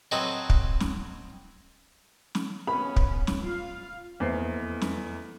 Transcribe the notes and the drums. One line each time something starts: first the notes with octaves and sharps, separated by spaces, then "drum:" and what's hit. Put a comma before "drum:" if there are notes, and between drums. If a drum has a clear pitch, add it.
F#3 C4 G#4 A4 B4 D#5
drum: kick
drum: snare
drum: snare
B3 C#4 B5
drum: kick
drum: snare
F4 F5
F1 E2 A#3 C5 E5 C7
drum: snare